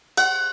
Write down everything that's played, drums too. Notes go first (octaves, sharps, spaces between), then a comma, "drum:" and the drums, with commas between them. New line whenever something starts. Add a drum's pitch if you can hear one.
F#5, drum: cymbal